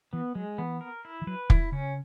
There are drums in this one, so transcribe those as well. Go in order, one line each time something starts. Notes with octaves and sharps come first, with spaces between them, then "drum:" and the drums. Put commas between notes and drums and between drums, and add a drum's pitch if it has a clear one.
E3 B3
F#3 G#3
E3 B3
A#4
E4
E3
F#3 B4
E3 E4, drum: kick
C#3 C#4